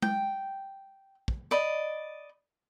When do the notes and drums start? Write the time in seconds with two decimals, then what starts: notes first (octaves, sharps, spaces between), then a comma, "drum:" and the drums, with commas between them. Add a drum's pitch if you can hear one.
0.02 G5, drum: tom G#3
1.28 drum: kick
1.51 D5 D#5 B5